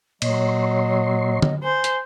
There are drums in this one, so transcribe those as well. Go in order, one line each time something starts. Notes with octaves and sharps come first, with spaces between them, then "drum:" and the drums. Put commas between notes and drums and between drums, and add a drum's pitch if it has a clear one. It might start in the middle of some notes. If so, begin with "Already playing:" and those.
A#2 F#3 C#5 D#5 C6, drum: cymbal
drum: tom D3
C5 G#5
drum: hi-hat